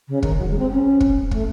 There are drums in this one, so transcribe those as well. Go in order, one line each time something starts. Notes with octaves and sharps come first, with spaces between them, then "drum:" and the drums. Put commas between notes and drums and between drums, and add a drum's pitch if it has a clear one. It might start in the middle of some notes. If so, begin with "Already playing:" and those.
C#3
D#3, drum: kick
F#3
G#3
C4
C#4
drum: kick
A3, drum: kick